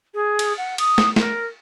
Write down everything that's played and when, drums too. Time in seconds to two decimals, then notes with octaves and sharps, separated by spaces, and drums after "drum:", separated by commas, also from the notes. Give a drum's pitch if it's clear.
0.14 G#4
0.39 drum: cymbal
0.57 F#5
0.78 D#6, drum: cymbal
0.98 drum: snare
1.16 A#4, drum: snare